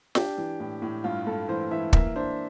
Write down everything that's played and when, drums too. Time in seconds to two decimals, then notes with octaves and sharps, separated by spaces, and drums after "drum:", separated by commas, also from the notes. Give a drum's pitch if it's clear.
0.15 D4 G4, drum: snare
0.38 E3
0.60 A2
0.82 A2
1.04 G2 F4
1.26 G2 A4
1.49 E3 C5
1.71 E3 E5
1.93 A#3 E5, drum: kick
2.16 D4 C5